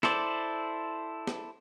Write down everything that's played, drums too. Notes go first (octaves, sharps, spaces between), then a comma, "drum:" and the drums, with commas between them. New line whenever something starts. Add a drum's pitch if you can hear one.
E4 A4 C5 D5, drum: snare
drum: snare